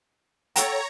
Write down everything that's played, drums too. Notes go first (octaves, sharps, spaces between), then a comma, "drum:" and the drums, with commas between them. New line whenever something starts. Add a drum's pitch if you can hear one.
A4 C#5 F#5 G5 A#5, drum: hi-hat